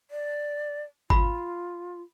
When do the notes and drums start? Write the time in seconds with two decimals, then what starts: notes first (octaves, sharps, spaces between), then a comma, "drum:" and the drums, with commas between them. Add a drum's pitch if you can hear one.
0.11 D5
1.10 F4 B5, drum: kick G#1